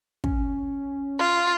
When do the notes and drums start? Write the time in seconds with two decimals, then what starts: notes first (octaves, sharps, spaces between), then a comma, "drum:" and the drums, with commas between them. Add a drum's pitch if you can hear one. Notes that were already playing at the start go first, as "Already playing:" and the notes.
0.24 C#4, drum: kick
1.19 F4